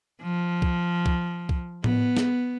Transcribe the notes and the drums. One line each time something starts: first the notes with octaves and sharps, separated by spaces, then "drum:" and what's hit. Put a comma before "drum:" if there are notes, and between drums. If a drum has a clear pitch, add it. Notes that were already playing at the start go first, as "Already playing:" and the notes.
F3
drum: kick
drum: kick
drum: kick
B3, drum: tom A2
drum: snare